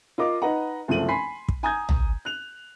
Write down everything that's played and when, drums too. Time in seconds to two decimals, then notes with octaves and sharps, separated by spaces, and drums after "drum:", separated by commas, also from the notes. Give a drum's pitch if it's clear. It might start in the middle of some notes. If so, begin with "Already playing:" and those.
0.18 F4 A#4 D#5 F5 D6
0.42 D#4 B4 D#5 F#5 A#5
0.88 F#1 C2 F3 A3 D#7 F#7
1.08 G#5 B5 C6 B6 C7
1.49 drum: kick
1.63 G#5 A#5 D#6 G6 G#6
1.89 drum: tom
2.25 F#6 F7